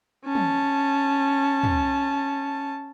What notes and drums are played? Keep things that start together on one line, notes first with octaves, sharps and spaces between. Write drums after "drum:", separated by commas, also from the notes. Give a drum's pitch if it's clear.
C#4 A5
drum: tom
drum: tom